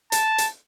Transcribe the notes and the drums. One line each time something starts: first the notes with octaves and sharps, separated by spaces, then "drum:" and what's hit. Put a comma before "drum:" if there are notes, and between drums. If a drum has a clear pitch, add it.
A5, drum: hi-hat
drum: hi-hat